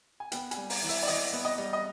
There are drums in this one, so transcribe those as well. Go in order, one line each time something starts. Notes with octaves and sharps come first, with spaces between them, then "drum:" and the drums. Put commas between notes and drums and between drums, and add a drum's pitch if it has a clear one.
G#5
B3 G5, drum: hi-hat
G#5, drum: hi-hat
G3
A#5, drum: open hi-hat
E3
E5, drum: open hi-hat
D5
E3 D#5, drum: open hi-hat
B3
D#5
G3
D#5